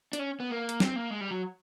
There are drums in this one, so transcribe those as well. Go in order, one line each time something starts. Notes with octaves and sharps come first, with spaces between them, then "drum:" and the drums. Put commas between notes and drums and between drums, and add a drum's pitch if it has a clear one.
D4, drum: hi-hat
C#4
B3
A#3
drum: hi-hat
C4, drum: snare
A#3
G#3
G3
F#3